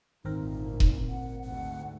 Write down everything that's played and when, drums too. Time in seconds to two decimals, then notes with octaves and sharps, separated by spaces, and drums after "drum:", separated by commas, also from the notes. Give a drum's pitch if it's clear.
0.25 G#1 D2 A#2 C4 D#4 A#4
0.80 drum: kick E1
1.09 F#5
1.43 D2 G#2 F#5